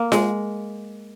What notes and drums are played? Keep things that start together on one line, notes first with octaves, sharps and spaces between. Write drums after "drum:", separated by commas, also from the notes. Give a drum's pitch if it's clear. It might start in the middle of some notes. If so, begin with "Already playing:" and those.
Already playing: A#3
G#3, drum: snare F4